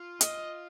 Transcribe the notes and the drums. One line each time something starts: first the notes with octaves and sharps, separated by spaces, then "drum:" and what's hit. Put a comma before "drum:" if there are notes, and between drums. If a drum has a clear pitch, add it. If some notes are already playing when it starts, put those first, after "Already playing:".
Already playing: F4
D#5, drum: hi-hat